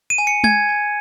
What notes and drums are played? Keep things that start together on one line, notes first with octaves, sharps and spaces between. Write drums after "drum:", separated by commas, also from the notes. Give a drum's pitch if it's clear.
D#7
G#5
C#7
G#5 G#6, drum: tom G#3
G#5